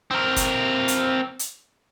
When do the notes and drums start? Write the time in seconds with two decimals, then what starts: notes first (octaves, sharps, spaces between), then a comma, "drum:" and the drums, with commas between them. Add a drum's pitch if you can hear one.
0.11 C4 A#4
0.36 drum: kick, hi-hat
0.88 drum: hi-hat
1.39 drum: hi-hat